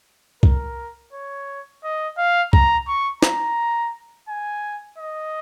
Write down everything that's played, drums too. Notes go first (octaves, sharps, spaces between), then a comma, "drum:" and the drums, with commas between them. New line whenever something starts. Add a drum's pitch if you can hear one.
A#4, drum: kick C2
C#5
D#5
F5
A#5, drum: kick C2
C#6
A#5, drum: snare
G#5
D#5